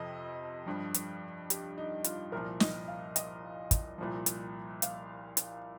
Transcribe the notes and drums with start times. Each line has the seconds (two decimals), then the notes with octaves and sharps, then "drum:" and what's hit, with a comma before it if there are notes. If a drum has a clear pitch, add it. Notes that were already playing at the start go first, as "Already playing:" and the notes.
Already playing: F2 C3 F3 D#5
0.66 G2 F3
0.94 drum: hi-hat
1.50 G4, drum: hi-hat
1.78 D#4
2.04 F4, drum: hi-hat
2.32 C2 A#2 F3 A#4
2.60 D#5, drum: snare
2.88 F5
3.16 D#5, drum: hi-hat
3.71 drum: kick, hi-hat
3.98 C2 A#2 F3
4.26 drum: hi-hat
4.82 F5, drum: hi-hat
5.37 drum: hi-hat